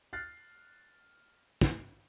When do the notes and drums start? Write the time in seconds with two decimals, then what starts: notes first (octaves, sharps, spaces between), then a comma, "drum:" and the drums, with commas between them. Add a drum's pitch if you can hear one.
0.13 F6 F#6 A6 C7
1.61 drum: kick